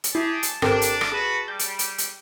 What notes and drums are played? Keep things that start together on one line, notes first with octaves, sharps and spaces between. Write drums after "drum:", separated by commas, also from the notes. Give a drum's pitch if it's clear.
drum: hi-hat
E4 G4 G#4 A5
drum: hi-hat
G#1 C4 D4 G4 A4 A#4 C7, drum: rim click
drum: hi-hat
drum: rim click
F#4 G#4 B4
G3 G6
drum: hi-hat
drum: hi-hat
drum: hi-hat